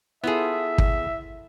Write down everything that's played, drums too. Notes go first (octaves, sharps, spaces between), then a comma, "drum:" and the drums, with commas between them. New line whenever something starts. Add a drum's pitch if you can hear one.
B3 E4 F4 G#4 A4 E5
drum: kick